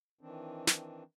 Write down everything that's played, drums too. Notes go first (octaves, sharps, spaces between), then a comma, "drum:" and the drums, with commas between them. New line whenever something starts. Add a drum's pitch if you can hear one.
D#3 E3 C4 D4
drum: snare